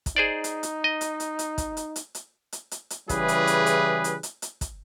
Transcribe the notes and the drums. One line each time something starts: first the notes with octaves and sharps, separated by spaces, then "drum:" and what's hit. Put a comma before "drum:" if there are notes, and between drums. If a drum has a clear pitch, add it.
drum: kick, hi-hat
D#4 G#4 C5 D5
drum: hi-hat
drum: hi-hat
D#5
drum: hi-hat
drum: hi-hat
drum: hi-hat
drum: kick, hi-hat
drum: hi-hat
drum: hi-hat
drum: hi-hat
drum: hi-hat
drum: hi-hat
drum: hi-hat
C#3 E3 G3 E4 G#4 B4, drum: kick, hi-hat
drum: hi-hat
drum: hi-hat
drum: hi-hat
drum: hi-hat
drum: hi-hat
drum: hi-hat
drum: kick, hi-hat